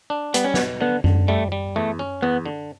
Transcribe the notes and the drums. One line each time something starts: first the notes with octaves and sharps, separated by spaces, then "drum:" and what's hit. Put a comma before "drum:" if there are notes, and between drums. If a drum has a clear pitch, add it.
D4
G3 B3, drum: hi-hat
C#4
B3, drum: snare
B2
D3 B3
D3, drum: tom F#2
G3 A3
G3
E2 A3
C#4
E2 B3
D3